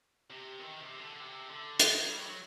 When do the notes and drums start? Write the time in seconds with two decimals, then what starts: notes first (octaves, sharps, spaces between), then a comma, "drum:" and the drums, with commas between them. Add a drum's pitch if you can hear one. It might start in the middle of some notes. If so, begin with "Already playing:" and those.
0.30 C3
0.60 D#3
0.80 C3
1.00 D3
1.20 C3
1.49 D3
1.80 D#3, drum: hi-hat
1.94 F#3
2.10 G3
2.19 D#3
2.25 F#3